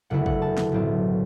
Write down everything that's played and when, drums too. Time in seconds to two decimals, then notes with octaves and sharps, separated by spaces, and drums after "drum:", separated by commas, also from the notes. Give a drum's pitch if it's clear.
0.10 F#1 E2 D3 A3 E4 F#5
0.26 F#5, drum: kick
0.42 A5
0.58 drum: snare
0.72 B1 A2 F#3 C4 E4 A5